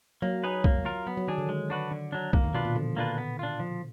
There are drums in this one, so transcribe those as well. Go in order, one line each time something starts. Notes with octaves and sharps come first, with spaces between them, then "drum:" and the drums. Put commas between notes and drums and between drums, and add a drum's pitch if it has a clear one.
F#3 A#3
D#4 G#4 B4
A#3, drum: kick
F4 A#4
F#3 B3
F#3
D#3 D4 G#4
D3
D#3 G#3
D4 F#4 B4
D3
F#3 D4
D#3 A#3, drum: kick
D#3
B2 D4 F4 B4
A#2
D3 F3
A#3 D4 F4 B4
B3
D4 F4
F3